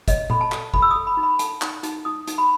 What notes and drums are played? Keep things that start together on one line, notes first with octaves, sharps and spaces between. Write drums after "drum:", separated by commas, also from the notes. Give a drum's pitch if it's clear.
C#5 D#5, drum: kick, hi-hat
A4 B5, drum: tom A#2
A5
A4, drum: clap
A4 B5, drum: kick
E6
A4 D#6
B5
D#4
B5
A4 A5, drum: hi-hat
D#4, drum: clap
D#4, drum: hi-hat
D#4 D#6
D#4, drum: hi-hat
B5